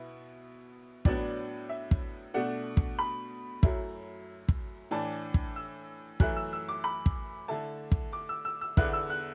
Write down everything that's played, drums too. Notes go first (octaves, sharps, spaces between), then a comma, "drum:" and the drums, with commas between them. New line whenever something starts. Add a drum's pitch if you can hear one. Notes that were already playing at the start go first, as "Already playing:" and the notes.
Already playing: B2 B3 E4
A2 F#3 B3 D4 D5, drum: kick
E5
drum: kick
B2 A3 D4 F#5
drum: kick
B5
F#2 F#3 A3 E4, drum: kick
drum: kick
A2 E3 D4 A5
drum: kick
E6
F#2 E3 A3 E4 F#6, drum: kick
E6
E6
D6
B5
drum: kick
D3 A3 E4 A5
drum: kick
D6
E6
E6
E6
E2 D3 B3 E4 F#6, drum: kick
E6
F#6